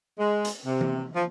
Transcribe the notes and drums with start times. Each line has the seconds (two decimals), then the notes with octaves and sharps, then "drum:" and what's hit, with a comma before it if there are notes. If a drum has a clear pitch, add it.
0.18 G#3
0.45 drum: hi-hat
0.65 C3
0.81 drum: tom E3
1.15 F3